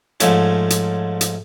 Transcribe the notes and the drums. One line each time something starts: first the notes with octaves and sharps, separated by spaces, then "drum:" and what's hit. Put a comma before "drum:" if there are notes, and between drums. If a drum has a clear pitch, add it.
G#2 F3 A3 C#4, drum: hi-hat
drum: hi-hat
drum: hi-hat